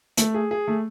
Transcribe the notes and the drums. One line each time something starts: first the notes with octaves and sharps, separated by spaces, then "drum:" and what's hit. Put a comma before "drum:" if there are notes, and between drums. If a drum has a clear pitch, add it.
A3, drum: hi-hat
G#4
G#4
A3